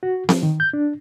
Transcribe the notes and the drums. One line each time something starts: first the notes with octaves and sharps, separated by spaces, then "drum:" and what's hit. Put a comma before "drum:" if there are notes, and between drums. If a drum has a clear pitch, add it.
F#4
F3, drum: snare C4
D#3
G6
D4